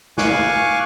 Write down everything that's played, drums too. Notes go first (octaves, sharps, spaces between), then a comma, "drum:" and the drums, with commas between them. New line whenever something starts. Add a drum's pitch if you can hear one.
F5 G#5 C#6 D6 F#6, drum: snare